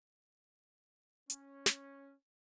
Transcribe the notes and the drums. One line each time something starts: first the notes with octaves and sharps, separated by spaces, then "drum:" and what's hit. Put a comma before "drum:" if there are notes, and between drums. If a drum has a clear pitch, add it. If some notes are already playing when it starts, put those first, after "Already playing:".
C#4, drum: hi-hat
drum: snare